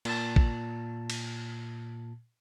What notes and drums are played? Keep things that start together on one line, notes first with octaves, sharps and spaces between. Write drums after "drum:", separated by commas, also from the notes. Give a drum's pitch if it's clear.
A#2 A5, drum: cymbal
drum: kick A1
drum: cymbal